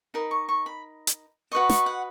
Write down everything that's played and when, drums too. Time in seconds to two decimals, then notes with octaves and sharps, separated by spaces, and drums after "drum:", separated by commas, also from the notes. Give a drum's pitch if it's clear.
0.14 D#4 A#4 D#5 B5
0.31 C#6
0.49 C#6
0.66 B5
1.07 drum: hi-hat
1.52 F#4 B4 D#5 C#6
1.70 C#6, drum: snare
1.86 F#5